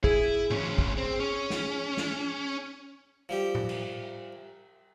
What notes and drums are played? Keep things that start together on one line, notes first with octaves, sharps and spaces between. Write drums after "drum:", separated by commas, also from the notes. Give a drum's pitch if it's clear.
E4 G#4, drum: kick
D2 C#4, drum: tom G#2
drum: kick
C4
C#4
drum: snare
drum: snare
F3 G3 G4
drum: tom A2
drum: cymbal